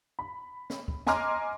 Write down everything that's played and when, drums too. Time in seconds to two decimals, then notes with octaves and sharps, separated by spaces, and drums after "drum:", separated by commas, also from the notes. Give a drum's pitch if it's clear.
0.19 B5
0.70 drum: snare
0.88 drum: kick
1.07 D#5 G#5 A#5 C6 D6 F6, drum: snare